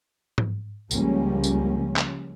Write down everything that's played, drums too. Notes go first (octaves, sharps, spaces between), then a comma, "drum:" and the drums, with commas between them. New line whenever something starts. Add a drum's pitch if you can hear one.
drum: tom G#2
C#2 F3 G3 A#3 C#4, drum: tambourine
drum: tambourine
drum: clap